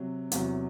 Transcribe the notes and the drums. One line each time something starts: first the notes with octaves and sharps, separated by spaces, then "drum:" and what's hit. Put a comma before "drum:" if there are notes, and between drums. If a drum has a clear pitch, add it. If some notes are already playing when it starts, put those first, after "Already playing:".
Already playing: C3 F#3
E2 C3 F#3, drum: hi-hat